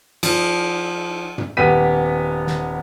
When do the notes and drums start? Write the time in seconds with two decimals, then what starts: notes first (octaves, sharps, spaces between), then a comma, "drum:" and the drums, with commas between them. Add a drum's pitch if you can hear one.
0.23 F3, drum: cymbal
1.38 drum: tom
1.57 D#1 B3 G4 B6 D#7
2.47 drum: snare